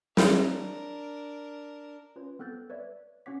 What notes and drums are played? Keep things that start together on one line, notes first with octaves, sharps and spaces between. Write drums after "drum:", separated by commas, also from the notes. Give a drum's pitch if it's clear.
D4 A#4, drum: snare
C#4 F4 B4 C#5
B3 C4 A4 F#6 G6 A6
B4 C#5 D5 E5
C#4 F#4 C#5 F#5 D6 B6